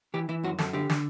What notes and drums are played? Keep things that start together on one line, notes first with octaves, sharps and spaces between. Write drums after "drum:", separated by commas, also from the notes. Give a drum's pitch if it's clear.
E3 G4
E3 E4
F#2 F#4
F#2 A4, drum: snare
D3 G4
D3, drum: snare